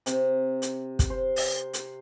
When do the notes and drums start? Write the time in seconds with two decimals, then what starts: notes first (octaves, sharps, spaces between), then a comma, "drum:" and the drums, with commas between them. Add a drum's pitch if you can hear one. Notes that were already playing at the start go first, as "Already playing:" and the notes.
0.06 C3, drum: hi-hat
0.62 drum: hi-hat
0.99 drum: kick, hi-hat
1.10 C5
1.36 drum: open hi-hat
1.73 drum: hi-hat